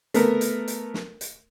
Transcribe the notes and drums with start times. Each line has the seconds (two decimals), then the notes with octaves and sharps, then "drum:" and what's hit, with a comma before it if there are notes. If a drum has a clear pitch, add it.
0.14 A3 B3 A#4, drum: hi-hat
0.41 drum: hi-hat
0.68 drum: hi-hat
0.94 drum: snare
1.21 drum: hi-hat